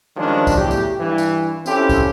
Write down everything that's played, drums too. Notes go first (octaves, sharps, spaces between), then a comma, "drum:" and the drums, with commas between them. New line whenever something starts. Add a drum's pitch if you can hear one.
D#3 F3 G3 G#3 C#4 D4
drum: kick, tambourine
E2 A2 F#3 G4
drum: tambourine
G2 E3
drum: tambourine
C4 C#4 E4 F4 G4 A4, drum: tambourine
drum: kick, tambourine